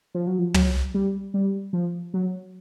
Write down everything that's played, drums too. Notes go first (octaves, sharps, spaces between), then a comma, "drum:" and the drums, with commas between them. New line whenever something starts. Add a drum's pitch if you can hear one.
F3
F#3
F3
F#3, drum: tom
G3
G3
F3
F#3